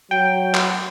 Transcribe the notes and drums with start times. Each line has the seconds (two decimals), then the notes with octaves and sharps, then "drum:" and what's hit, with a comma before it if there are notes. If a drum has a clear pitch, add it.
0.11 F#3 G5
0.55 drum: clap